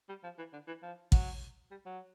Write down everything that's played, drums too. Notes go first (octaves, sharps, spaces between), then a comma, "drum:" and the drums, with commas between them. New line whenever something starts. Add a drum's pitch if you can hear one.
G3
F3
E3
D3
E3
F3
F#3, drum: kick A1
G3
F#3